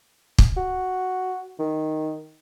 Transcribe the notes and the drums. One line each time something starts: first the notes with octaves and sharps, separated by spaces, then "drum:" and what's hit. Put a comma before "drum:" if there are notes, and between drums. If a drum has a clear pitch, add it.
drum: kick
F#4
D#3